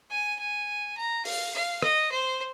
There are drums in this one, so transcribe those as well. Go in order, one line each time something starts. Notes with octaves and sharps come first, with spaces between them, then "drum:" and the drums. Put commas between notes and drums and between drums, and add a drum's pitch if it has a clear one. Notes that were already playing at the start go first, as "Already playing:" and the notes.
G#5
G#5
A#5
F5, drum: open hi-hat
F5
D#5, drum: rim click
C5